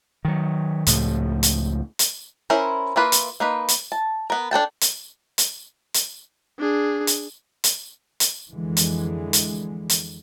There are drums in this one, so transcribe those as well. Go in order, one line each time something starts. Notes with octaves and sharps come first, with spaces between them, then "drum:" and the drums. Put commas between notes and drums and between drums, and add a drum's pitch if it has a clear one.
D#3 F#3
C#2 A2 F3, drum: hi-hat
drum: hi-hat
drum: hi-hat
C#4 E4 A#4 C5
A#3 E4 F4 A#4 B4
drum: hi-hat
A#3 D#4 B4
drum: hi-hat
A5
B3 A#4
D4 A4 G5 A5
drum: hi-hat
drum: hi-hat
drum: hi-hat
D4 G#4
drum: hi-hat
drum: hi-hat
drum: hi-hat
F2 D3 E3 G#3
drum: hi-hat
drum: hi-hat
drum: hi-hat